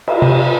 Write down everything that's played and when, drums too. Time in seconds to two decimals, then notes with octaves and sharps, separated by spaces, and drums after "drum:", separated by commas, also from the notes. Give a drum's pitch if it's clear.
0.08 drum: cymbal
0.22 C3